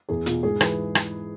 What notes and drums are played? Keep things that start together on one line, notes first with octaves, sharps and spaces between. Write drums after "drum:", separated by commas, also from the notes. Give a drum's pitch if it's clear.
E2 G#4
B2 F4, drum: hi-hat
G#2 G#4
E3 B4, drum: rim click
drum: rim click